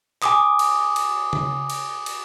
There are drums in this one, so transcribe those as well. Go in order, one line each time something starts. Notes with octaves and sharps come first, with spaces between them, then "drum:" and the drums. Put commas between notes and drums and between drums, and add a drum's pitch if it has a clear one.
G#5 D6 D#6, drum: clap
drum: cymbal
drum: cymbal
drum: tom C#3
drum: cymbal
drum: cymbal